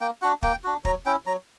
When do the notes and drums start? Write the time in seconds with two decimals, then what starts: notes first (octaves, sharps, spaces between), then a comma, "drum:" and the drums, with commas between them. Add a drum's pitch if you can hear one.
0.01 A#3 G5
0.22 D4 F#4 F#5
0.43 A#3 G5, drum: kick
0.64 D4 F#4
0.85 F#3 A#5, drum: kick
1.06 C#4 E4 G5
1.26 F#3 A#5